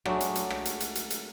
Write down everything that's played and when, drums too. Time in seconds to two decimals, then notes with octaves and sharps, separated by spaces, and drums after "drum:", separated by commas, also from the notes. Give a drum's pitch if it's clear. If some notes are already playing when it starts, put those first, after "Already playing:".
0.05 F#3 G#3 A3 D4, drum: rim click
0.20 drum: hi-hat
0.35 drum: hi-hat
0.50 drum: rim click
0.65 drum: hi-hat
0.80 drum: hi-hat
0.95 drum: hi-hat
1.10 drum: hi-hat